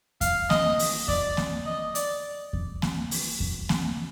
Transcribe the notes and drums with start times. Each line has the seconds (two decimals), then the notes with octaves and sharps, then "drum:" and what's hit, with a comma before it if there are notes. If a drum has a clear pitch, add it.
0.21 F5, drum: kick E2, hi-hat
0.50 D#5, drum: snare A#3
0.79 drum: open hi-hat
1.08 D5, drum: kick E2
1.37 drum: snare A#3
1.66 D#5
1.95 D5, drum: hi-hat
2.53 drum: kick E2
2.82 drum: snare A#3
3.11 drum: open hi-hat
3.40 drum: kick E2
3.69 drum: snare A#3